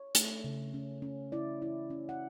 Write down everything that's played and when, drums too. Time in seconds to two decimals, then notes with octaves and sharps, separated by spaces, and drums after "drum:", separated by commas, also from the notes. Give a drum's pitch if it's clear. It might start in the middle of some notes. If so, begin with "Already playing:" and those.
Already playing: C#5
0.15 A3, drum: hi-hat
0.44 C#3
0.74 C#4
1.02 C#4
1.32 E4 D5
1.62 E4
1.90 C#4
2.09 F#5